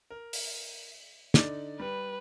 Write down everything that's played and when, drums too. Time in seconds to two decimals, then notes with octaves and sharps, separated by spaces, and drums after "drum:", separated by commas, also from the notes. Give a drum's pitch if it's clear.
0.10 A#4
0.33 drum: open hi-hat
1.34 D3 D#4 D5, drum: snare
1.80 G3 B4